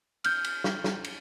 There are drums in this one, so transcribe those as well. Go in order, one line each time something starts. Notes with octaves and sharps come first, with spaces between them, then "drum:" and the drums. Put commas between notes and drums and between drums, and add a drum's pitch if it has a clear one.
F6 G6, drum: cymbal
drum: cymbal
drum: snare
drum: snare
drum: cymbal